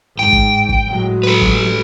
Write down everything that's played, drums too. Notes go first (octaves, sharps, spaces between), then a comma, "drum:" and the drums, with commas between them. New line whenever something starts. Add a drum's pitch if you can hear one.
G#2 G5
drum: kick
drum: kick
A2 F#3 G#3
A4 B4
drum: kick